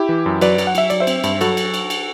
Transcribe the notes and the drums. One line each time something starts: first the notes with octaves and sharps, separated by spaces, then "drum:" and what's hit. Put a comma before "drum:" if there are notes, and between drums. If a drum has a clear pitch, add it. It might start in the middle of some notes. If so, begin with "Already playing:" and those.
Already playing: E4 G4
E3
F#2
F#3 B4 D5, drum: cymbal
F#3, drum: cymbal
F#5
F#3 E5, drum: cymbal
F#3 D5, drum: cymbal
C5 E5
C4, drum: cymbal
G2, drum: cymbal
F#3 F#4 A4, drum: cymbal
drum: cymbal
drum: cymbal
drum: cymbal